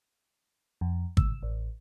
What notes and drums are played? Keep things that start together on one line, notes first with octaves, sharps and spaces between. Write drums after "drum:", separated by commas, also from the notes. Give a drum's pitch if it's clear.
F2
E6, drum: kick
A1